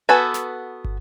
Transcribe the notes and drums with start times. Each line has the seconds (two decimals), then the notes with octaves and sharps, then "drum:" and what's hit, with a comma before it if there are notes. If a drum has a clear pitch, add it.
0.09 B3 F#4 A4 B4 G#5
0.34 drum: snare
0.84 drum: kick